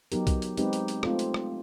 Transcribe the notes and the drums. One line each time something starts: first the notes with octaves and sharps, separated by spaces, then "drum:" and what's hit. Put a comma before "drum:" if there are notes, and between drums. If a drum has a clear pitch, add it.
F#3 B3 D#4 G4 A#4, drum: hi-hat
drum: kick, hi-hat
drum: hi-hat
G#3 C4 D#4 G4 B4, drum: hi-hat
drum: hi-hat
drum: hi-hat
A3 C4 F4 A4 C5, drum: rim click
drum: hi-hat
drum: rim click